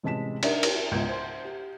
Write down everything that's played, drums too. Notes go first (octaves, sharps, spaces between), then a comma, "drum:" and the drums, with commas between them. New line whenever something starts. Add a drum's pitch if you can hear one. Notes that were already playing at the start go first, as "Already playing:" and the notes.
A1 C3 G#3 A5 B6 E7
D4 D#4 A#4 D5 E5, drum: cymbal
drum: cymbal
F#4 A#4
C#2 G#2 B2 G6 G#6 D7
C5 C6
G4